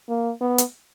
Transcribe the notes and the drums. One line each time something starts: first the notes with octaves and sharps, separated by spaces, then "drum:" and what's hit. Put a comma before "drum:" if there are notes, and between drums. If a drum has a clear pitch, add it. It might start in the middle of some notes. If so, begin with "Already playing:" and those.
A#3
B3
drum: hi-hat